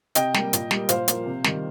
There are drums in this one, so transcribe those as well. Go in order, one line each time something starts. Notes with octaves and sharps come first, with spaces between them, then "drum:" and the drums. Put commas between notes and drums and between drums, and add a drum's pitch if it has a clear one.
C3 D#5 G5, drum: hi-hat
G3 A#3, drum: snare
A#2, drum: hi-hat
G3 A#3, drum: snare
A#2 C5 F5, drum: hi-hat
F3 A#3, drum: hi-hat
C3
D#3 G3, drum: snare